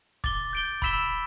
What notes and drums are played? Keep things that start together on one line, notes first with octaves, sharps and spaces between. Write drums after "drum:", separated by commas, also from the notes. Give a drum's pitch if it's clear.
D6 A6 G7, drum: kick
G6 D7 G7
B5 E6 B6 E7 G7, drum: kick